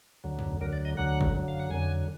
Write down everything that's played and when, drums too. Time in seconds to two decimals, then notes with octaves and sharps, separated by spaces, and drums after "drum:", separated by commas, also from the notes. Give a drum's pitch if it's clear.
0.24 D2 D3 F#3
0.39 drum: tom F2
0.61 D2 D3 F#3 A#4
0.73 D5
0.85 D#5
0.97 D2 D3 F#3 F#5
1.21 drum: kick
1.34 F#2 D3 F#3
1.48 F5
1.59 F#5
1.70 F2 D3 F#3 G#5